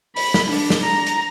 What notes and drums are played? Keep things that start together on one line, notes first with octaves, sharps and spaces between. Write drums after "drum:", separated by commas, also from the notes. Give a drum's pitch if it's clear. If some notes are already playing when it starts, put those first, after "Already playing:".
B5, drum: open hi-hat
drum: snare
D4, drum: open hi-hat
drum: snare
A#5
drum: hi-hat